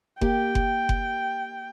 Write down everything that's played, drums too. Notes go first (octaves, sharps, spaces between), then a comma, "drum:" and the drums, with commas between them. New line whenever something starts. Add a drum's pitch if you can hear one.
A#3 G4 G5, drum: kick F#1
drum: kick F#1
drum: kick F#1